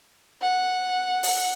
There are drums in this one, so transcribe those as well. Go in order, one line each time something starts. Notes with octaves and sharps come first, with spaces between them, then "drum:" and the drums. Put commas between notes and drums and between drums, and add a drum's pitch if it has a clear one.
F#5
drum: open hi-hat